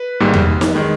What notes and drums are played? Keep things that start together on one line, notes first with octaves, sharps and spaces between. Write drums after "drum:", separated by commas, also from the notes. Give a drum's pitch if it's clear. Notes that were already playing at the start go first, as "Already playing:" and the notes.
Already playing: B4
G#1 G#2 G3 A#3
drum: tom E2
drum: snare
D#3 G#3